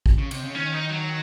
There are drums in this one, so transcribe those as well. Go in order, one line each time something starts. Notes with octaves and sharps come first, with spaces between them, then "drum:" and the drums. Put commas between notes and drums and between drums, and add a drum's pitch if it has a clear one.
drum: kick G#1
C#3
C3, drum: cymbal
C#3
D#3 C#4
D#4
F#3